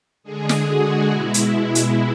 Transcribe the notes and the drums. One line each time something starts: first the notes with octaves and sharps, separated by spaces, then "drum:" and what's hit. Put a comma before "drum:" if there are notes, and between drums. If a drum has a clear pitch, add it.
D3 G#3 G#4
drum: snare
F#4
B2 G#3 E4
drum: hi-hat
drum: hi-hat